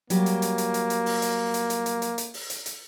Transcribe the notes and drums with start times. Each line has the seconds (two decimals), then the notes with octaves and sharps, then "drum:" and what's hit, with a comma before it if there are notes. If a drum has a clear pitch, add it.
0.10 F#3 G3 A#3 G4, drum: hi-hat
0.26 drum: hi-hat
0.42 drum: hi-hat
0.58 drum: hi-hat
0.74 drum: hi-hat
0.90 drum: hi-hat
1.06 drum: open hi-hat
1.22 drum: hi-hat
1.54 drum: hi-hat
1.70 drum: hi-hat
1.86 drum: hi-hat
2.02 drum: hi-hat
2.18 drum: hi-hat
2.34 drum: open hi-hat
2.50 drum: hi-hat
2.66 drum: hi-hat